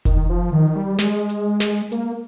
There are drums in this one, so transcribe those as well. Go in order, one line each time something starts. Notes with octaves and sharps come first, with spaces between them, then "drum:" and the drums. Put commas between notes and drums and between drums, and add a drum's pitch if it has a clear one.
D#3, drum: kick F1, hi-hat
F3
D#3
G3
G#3, drum: snare
drum: hi-hat
drum: snare
A#3, drum: hi-hat